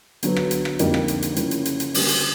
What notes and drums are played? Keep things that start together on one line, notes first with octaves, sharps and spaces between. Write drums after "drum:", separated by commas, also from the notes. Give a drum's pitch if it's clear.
D3 F#3 B3, drum: hi-hat
drum: rim click
drum: hi-hat
drum: rim click
F2 D3 G3 A#3 D#4, drum: hi-hat
drum: rim click
drum: hi-hat
drum: hi-hat
C#3 F3 A#3 C#4 E4, drum: hi-hat
drum: hi-hat
drum: hi-hat
drum: hi-hat
D3 G3 A#3, drum: open hi-hat
drum: hi-hat